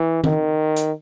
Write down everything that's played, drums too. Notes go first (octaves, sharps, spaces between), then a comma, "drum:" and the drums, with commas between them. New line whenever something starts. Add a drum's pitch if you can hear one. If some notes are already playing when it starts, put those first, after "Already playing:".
Already playing: E3
D#3, drum: tom D#3
drum: hi-hat